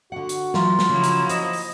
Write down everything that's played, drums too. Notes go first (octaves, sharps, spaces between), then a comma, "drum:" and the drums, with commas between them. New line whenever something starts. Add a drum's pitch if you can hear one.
D3 F#4 F#5
drum: hi-hat
E3 F#3 F4, drum: snare
drum: snare
C#3 F3 F#3 A#3 E4
drum: hi-hat
C5 D#5, drum: hi-hat
drum: open hi-hat